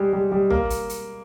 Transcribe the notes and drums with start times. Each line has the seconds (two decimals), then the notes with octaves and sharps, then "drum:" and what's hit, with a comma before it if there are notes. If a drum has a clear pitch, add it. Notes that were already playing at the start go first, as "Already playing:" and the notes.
Already playing: G3 G#3
0.13 G3
0.32 G3
0.50 A#3, drum: tom
0.70 drum: hi-hat
0.89 drum: hi-hat